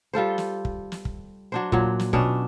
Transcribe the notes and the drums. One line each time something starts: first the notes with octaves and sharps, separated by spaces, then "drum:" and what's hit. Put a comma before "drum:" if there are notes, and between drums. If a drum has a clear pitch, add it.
G3 F4 A4 C5
drum: snare
drum: kick
drum: snare
drum: kick
F#3 D4 C5
A#2 F#3, drum: kick
drum: snare
B2 C#4 D4, drum: kick